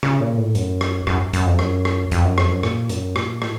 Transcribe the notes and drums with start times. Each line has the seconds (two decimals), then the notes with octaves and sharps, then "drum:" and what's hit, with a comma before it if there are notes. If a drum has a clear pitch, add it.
0.03 C#3, drum: rim click
0.20 A#2
0.37 A2
0.55 F#2, drum: hi-hat
0.81 drum: rim click
1.07 F#2, drum: rim click
1.33 F#2, drum: hi-hat
1.46 F2
1.59 F#2, drum: rim click
1.85 drum: rim click
2.11 F2, drum: hi-hat
2.24 F#2
2.38 F2, drum: rim click
2.50 F#2
2.63 A#2, drum: rim click
2.89 F#2, drum: hi-hat
3.16 A#2, drum: rim click
3.42 A2, drum: rim click